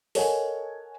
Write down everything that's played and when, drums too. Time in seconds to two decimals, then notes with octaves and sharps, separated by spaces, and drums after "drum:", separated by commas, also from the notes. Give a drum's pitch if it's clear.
0.15 A4 A#4 C#5 D#5 F#5 G#5, drum: open hi-hat